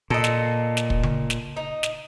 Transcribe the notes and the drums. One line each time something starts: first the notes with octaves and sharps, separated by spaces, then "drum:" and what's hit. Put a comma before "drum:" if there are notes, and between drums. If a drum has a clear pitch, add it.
A#2 A4 D#5
drum: snare
drum: snare
drum: kick
drum: tom C#3
drum: snare
D#4
drum: snare